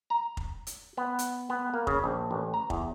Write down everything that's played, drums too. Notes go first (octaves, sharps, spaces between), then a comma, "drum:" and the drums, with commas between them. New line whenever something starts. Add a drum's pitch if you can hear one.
A#5
drum: kick F1
drum: hi-hat
B3
drum: hi-hat
B3
A#3
C#3, drum: kick F1
A#1
A1
A#5
E2, drum: kick F1